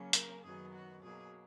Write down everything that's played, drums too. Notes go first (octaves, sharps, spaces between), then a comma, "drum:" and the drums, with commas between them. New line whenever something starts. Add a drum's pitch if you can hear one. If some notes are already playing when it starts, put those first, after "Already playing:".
Already playing: C#3 F#3 A#3 C#4
A#4, drum: hi-hat
F#2 D#3 F#3 B3 G#4
F#4
B2 F#3 A#3 G#4